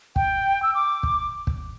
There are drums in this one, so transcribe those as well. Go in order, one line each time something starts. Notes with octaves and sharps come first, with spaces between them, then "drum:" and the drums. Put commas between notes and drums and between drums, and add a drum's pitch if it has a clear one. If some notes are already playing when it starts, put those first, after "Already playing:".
G5, drum: kick
E6
D6
drum: kick
drum: kick